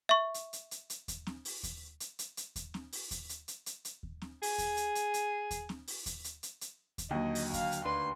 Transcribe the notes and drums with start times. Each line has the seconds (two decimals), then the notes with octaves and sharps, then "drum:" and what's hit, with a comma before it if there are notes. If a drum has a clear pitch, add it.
0.09 E5 C#6
0.34 drum: hi-hat
0.53 drum: hi-hat
0.71 drum: hi-hat
0.90 drum: hi-hat
1.08 drum: kick D#2, hi-hat
1.27 drum: snare C4
1.45 drum: open hi-hat
1.63 drum: kick D#2, hi-hat
2.00 drum: hi-hat
2.19 drum: hi-hat
2.37 drum: hi-hat
2.56 drum: kick D#2, hi-hat
2.74 drum: snare C4
2.92 drum: open hi-hat
3.11 drum: kick D#2, hi-hat
3.29 drum: hi-hat
3.48 drum: hi-hat
3.66 drum: hi-hat
3.85 drum: hi-hat
4.03 drum: kick D#2
4.22 drum: snare C4
4.43 G#4, drum: open hi-hat
4.58 drum: kick D#2, hi-hat
4.77 drum: hi-hat
4.95 drum: hi-hat
5.14 drum: hi-hat
5.51 drum: kick D#2, hi-hat
5.69 drum: snare C4
5.87 drum: open hi-hat
6.06 drum: kick D#2, hi-hat
6.24 drum: hi-hat
6.43 drum: hi-hat
6.61 drum: hi-hat
6.98 drum: kick D#2, hi-hat
7.11 D#2 D3 F#3 D#5
7.35 drum: open hi-hat
7.53 F5, drum: kick D#2, hi-hat
7.72 drum: hi-hat
7.85 D2 D4 B4 C6